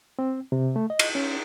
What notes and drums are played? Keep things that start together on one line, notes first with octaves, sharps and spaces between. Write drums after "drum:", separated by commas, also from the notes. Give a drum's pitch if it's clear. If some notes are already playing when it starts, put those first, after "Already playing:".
C4
C3
A3
D#5
drum: cymbal
C#4